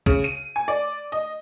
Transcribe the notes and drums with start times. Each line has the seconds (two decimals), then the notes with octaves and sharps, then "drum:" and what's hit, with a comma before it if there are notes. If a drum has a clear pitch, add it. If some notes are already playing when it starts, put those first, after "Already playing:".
0.06 C#3, drum: kick
0.24 D#7
0.56 G#5
0.68 D5
1.12 D#5